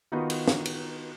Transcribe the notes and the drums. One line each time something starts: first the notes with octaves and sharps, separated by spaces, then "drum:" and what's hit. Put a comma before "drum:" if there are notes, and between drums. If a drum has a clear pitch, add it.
D#3 B3 D#4 F4 F#4 B4
drum: cymbal
drum: snare
drum: cymbal